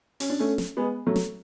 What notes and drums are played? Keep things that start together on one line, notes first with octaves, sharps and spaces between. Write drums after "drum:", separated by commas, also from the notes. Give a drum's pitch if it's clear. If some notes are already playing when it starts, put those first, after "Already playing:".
C#4, drum: open hi-hat
D4
A3 C#4
drum: snare
G#3 B3
F#3 A3
drum: snare